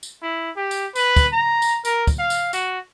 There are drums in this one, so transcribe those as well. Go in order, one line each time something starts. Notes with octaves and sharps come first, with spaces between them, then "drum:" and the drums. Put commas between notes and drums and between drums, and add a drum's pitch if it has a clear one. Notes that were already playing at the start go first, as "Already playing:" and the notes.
drum: tambourine
E4
G4
drum: tambourine
B4, drum: tambourine
drum: kick, tambourine
A#5
drum: tambourine
A#4, drum: tambourine
drum: kick, tambourine
F5
drum: tambourine
F#4, drum: tambourine